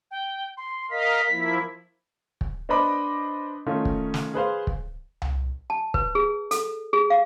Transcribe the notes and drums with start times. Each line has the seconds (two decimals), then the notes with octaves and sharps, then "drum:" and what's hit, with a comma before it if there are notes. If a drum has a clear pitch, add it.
0.11 G5
0.57 C6
0.91 A#4 D#5 F5 B6
1.30 F3 A#3 E4
2.41 drum: kick
2.69 D4 B4 C5 D#5 B5 D6
3.67 D#3 A3 C#4 D#4 F4
3.85 drum: kick
4.14 drum: snare
4.34 G#4 B4 C5 F5
4.67 drum: kick
5.22 drum: tom C2
5.70 A5
5.94 B4, drum: kick
6.15 G#4
6.51 A4, drum: hi-hat
6.93 G#4
7.10 F5